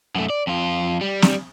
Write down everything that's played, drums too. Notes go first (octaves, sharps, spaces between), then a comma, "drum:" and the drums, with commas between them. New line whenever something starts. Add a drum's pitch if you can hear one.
F#2 A3
D5
F2 F4
G3
drum: snare